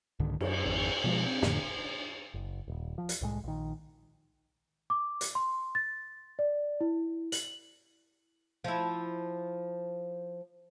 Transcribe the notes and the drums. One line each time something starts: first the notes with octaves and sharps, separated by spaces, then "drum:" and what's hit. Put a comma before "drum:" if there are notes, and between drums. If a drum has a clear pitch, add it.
C2 G#2 D3 D#3
F#2, drum: cymbal
G#1 F2
B2 F3 G#3
C4
F2 A2 D3, drum: snare
F#1
D#1
F3
drum: hi-hat
C2 A2 G#3
A#1 D#3
D6
drum: hi-hat
C6
A6
D5
E4
F#7, drum: hi-hat
F3 E4